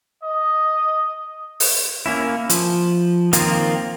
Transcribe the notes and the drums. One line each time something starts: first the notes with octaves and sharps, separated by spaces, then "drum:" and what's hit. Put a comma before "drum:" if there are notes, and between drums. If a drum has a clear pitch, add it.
D#5
drum: open hi-hat
A#3 C#4 E4
F3, drum: hi-hat
D#3 F3 A#3 C4 F4, drum: hi-hat